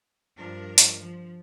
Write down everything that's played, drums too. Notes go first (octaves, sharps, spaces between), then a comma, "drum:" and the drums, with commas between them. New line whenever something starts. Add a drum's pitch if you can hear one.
G2 F3 D4 A#4
drum: hi-hat
F3